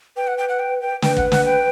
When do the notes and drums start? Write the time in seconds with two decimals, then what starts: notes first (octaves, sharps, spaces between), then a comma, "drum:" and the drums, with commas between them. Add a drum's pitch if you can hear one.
0.16 B4 G5
0.27 F#5
0.38 G5
0.49 F#5
0.59 G5
0.81 G5
1.02 B4 G5, drum: snare
1.17 F#5, drum: kick
1.32 F#5, drum: snare
1.45 G5